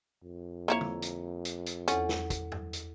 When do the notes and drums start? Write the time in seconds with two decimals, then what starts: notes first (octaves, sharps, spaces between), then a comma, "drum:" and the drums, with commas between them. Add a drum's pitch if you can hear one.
0.23 F2
0.68 A#3 E4 C#5 A#5
0.81 drum: tom
1.02 drum: hi-hat
1.45 drum: hi-hat
1.66 drum: hi-hat
1.88 E2 C#4 A4 F#5, drum: hi-hat
2.09 drum: snare
2.30 drum: kick, hi-hat
2.52 drum: tom
2.73 drum: hi-hat